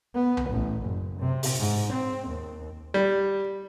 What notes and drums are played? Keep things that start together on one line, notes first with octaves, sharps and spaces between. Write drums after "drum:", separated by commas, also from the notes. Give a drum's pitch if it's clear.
B3
drum: tom C2
A1
F#1
C3
drum: open hi-hat
G#2
C4
D#2
G3